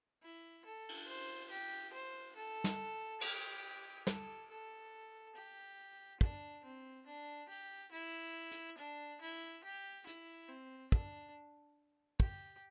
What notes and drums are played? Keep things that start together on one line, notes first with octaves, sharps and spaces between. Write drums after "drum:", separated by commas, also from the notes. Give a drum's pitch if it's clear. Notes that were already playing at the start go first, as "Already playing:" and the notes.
E4
A4
drum: cymbal
C5
G4
C5
A4
drum: snare
G4, drum: cymbal
A4, drum: snare
A4
G4
D4, drum: kick
C4
D4
G4
E4
drum: hi-hat
D4
E4
G4
E4, drum: hi-hat
C4
D4, drum: kick
G4, drum: kick